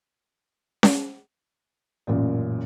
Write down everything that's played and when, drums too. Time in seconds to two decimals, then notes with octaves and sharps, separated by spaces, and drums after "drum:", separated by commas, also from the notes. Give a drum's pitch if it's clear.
0.83 drum: snare C#4
2.07 A1 F#2 A#2